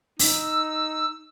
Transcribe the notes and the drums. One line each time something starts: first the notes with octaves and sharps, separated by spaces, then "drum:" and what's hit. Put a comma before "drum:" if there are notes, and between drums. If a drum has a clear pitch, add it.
D#4 E6, drum: open hi-hat